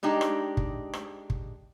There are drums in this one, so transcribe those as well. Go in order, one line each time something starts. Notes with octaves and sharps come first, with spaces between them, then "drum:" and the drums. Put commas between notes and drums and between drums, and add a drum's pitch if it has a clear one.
G#3 D4 D#4 G4
drum: rim click
drum: kick
drum: rim click
drum: kick